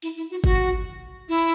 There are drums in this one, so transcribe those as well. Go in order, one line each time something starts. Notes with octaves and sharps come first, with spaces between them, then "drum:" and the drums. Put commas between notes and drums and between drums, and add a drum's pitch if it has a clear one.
E4, drum: open hi-hat
E4
F#4
F#4, drum: kick
E4